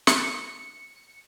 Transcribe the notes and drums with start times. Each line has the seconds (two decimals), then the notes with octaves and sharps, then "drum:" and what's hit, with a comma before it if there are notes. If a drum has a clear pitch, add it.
0.07 C#7, drum: snare